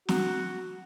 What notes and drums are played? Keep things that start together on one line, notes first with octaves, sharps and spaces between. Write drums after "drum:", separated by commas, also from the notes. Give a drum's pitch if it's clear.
F#4, drum: snare